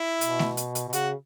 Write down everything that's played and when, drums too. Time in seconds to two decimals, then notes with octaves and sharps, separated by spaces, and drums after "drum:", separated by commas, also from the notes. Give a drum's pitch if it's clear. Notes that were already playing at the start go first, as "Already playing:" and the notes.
Already playing: E4
0.21 B2, drum: hi-hat
0.39 drum: snare A3
0.57 drum: hi-hat
0.75 drum: hi-hat
0.88 B2
0.93 C#3 F#4, drum: hi-hat